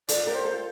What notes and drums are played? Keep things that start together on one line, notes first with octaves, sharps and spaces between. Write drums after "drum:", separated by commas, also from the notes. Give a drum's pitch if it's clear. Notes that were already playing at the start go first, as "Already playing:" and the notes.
F4 A4 D5, drum: hi-hat
G4 A#4
C5
F4 A4